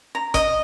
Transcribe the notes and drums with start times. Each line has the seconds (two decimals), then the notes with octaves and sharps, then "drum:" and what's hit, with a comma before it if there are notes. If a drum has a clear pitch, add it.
0.15 A#5
0.34 D#5, drum: kick G1, hi-hat